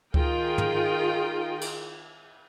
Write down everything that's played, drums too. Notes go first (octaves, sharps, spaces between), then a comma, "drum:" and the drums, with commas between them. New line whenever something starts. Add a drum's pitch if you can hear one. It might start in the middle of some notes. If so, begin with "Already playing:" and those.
D#3 F4 G#4 A#4 G5, drum: kick C#2
drum: tom
drum: cymbal